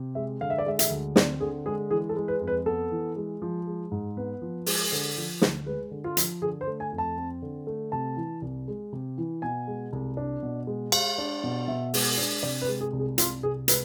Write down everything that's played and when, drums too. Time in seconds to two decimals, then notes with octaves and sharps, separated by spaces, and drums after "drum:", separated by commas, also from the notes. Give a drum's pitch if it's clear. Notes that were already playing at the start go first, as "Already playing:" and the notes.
Already playing: C3
0.15 G#3 E5
0.41 D3 F5
0.50 E5
0.58 D5
0.66 G#3 E5
0.79 E5, drum: hi-hat
0.90 D2
1.16 C4 D5, drum: snare
1.40 D3 G#4
1.66 G#3 G#4
1.91 E3 G#4
2.09 A4
2.17 G#3
2.28 B4
2.41 F2
2.47 B4
2.66 B3 A4
2.92 E3
3.16 G#3
3.42 F3
3.67 G#3
3.91 G#2
4.17 B3 B4
4.42 F3
4.66 G#3, drum: open hi-hat
4.92 D3
5.17 F3
5.42 D2, drum: snare
5.66 G#3 B4
5.91 D3
6.04 F4
6.17 F3, drum: hi-hat
6.42 D3 G#4
6.61 C5
6.67 A3
6.80 G#5
6.92 F2
6.98 A5
7.18 C4
7.42 D3
7.67 A3
7.92 C3 A5
8.17 E3
8.42 C2
8.68 G#3
8.93 C3
9.18 E3
9.42 B2 G#5
9.68 G#3
9.93 C2
10.17 D4
10.43 B2
10.67 G#3
10.92 G#3 F5, drum: cymbal
11.18 D4
11.44 B2
11.68 B2 E5
11.94 G#3, drum: open hi-hat
12.18 D4
12.43 C3 D5
12.61 B4
12.68 G#3
12.81 G#4
12.93 C2
12.99 G#4
13.18 C2 F4, drum: hi-hat
13.43 C3 G#4
13.68 G#3 B4, drum: hi-hat